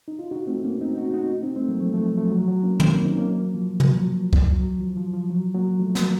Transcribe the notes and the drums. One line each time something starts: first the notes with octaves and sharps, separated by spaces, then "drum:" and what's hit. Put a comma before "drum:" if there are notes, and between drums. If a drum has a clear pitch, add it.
D#4
F4
D#4 F#4
A3 C4
A#3 C#4
C4 D#4
D#4 F#4
D#4 F#4
C4 D#4
A3 C4
F#3 A#3
F3 A3
F3 A3
F#3
F3 A3
F#3
F#3
A#3 C#4
C4 D#4, drum: tom
A#3 C#4
C4 D#4
A#3 C#4
F#3 A#3
F3
F#3, drum: tom
F3
drum: kick C2
F#3
F#3
F3
F3
F3
F#3
F#3 A#3
F3 A3
F#3, drum: snare